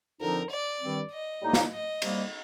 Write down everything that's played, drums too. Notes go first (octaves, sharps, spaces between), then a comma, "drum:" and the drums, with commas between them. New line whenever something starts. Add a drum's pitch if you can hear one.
F2 D3 F3 C4 D#4 A#4
D5
G2 D#3 G3 C4
D#5
A2 G3 A#3 D#4
drum: snare
D#5
C3 G3 A#3, drum: cymbal